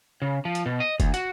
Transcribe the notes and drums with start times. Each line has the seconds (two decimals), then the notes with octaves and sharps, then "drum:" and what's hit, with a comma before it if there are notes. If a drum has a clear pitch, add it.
0.22 C#3
0.45 F3
0.55 drum: hi-hat
0.66 B2
0.80 D#5
1.00 D2, drum: kick F#1, hi-hat
1.14 F#4, drum: hi-hat